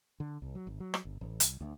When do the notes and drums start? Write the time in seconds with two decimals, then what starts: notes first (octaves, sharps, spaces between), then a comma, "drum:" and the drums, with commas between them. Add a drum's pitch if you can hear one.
0.20 D3
0.42 C2
0.55 F#3
0.67 G#1
0.80 F#3
0.94 drum: rim click
1.05 G1
1.21 A1
1.40 C2, drum: hi-hat
1.61 D2